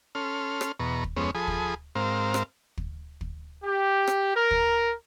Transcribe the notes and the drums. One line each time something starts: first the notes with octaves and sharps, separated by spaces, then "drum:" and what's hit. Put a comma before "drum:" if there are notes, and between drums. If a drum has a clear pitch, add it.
C#4 A4 C6 F6
drum: rim click
E2 B2 B4 A#5 C#6
drum: kick
F2 G#3 B3 C#4 C5 C#5
F3 G#4 A4 G#5 B5 D#6
drum: kick
G#2 C4 A#4 C5 F5
drum: rim click
drum: kick
drum: kick
G4
drum: rim click
A#4
drum: kick